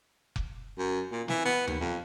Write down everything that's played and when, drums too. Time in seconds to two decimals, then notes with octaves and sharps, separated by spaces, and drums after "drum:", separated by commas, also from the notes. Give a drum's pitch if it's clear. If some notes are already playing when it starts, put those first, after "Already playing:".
0.36 drum: kick F1
0.78 F#2
1.12 A#2
1.28 E3, drum: snare
1.45 B3
1.67 D#2, drum: tom D#2
1.80 F2